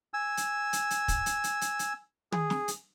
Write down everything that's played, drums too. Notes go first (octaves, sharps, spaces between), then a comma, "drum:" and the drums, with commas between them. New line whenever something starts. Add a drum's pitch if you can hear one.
G#5 E6
drum: hi-hat
drum: hi-hat
drum: hi-hat
drum: kick, hi-hat
drum: hi-hat
drum: hi-hat
drum: hi-hat
drum: hi-hat
G#4, drum: tom
drum: snare
drum: hi-hat